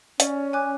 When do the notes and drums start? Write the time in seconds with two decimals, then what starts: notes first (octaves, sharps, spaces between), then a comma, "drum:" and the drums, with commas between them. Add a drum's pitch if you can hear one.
0.20 C#4 D5, drum: hi-hat
0.53 G#5 D6 F#6